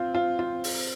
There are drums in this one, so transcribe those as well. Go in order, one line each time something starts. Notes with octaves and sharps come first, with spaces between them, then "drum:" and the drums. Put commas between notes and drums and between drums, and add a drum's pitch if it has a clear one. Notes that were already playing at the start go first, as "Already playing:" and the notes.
Already playing: C4 F4
F4
F4
drum: open hi-hat